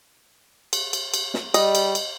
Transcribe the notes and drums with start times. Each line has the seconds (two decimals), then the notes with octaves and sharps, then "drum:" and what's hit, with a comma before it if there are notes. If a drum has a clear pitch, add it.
0.73 drum: cymbal
0.93 drum: cymbal
1.14 drum: cymbal
1.34 drum: snare
1.54 G3 D#5, drum: cymbal
1.75 drum: cymbal
1.95 drum: cymbal